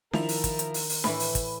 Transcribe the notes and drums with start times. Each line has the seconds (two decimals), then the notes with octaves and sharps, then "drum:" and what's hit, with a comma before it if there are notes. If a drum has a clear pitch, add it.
0.13 D#3 F3 E4 A#4 F7, drum: snare D4
0.29 drum: open hi-hat
0.44 drum: kick, hi-hat
0.59 drum: hi-hat
0.74 drum: open hi-hat
0.89 drum: open hi-hat
1.04 A2 E3 B5, drum: snare D4
1.20 drum: open hi-hat
1.35 drum: kick, hi-hat